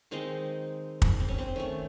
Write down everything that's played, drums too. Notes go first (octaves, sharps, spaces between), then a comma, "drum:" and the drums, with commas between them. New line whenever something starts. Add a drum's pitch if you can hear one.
D#3 G#3 C4 D#4
drum: kick
C4
C#4
C4
D#3 A3 C#4